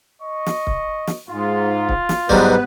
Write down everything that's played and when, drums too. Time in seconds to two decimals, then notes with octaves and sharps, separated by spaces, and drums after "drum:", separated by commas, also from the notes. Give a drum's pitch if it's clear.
0.22 D#5 C#6
0.46 drum: snare
0.67 drum: kick C#1
1.07 drum: snare
1.29 G#2 F4
1.89 drum: kick C#1
2.09 drum: snare
2.29 G#2 F#3 G3 B3 B4, drum: kick C#1